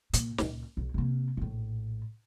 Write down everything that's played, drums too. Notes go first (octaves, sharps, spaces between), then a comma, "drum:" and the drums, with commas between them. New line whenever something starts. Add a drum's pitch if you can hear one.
A#2, drum: hi-hat
C#2 A#2, drum: snare
B1
C3 A#3
A#1 A2